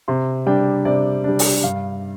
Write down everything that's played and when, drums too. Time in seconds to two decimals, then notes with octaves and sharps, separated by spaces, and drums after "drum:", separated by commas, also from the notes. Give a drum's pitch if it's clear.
0.08 C3 C6
0.46 G3 D4 G5
0.85 C3 D5
1.24 G3 D4
1.39 drum: open hi-hat
1.63 G2 F5